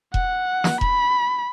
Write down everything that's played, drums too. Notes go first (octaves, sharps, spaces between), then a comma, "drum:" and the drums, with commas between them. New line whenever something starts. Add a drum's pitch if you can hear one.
F#5, drum: kick E1
drum: snare
B5, drum: kick E1